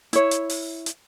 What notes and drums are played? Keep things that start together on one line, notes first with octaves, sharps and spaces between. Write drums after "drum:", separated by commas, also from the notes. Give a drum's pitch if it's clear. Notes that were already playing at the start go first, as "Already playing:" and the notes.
E4 C#5, drum: hi-hat
drum: hi-hat
drum: open hi-hat
drum: hi-hat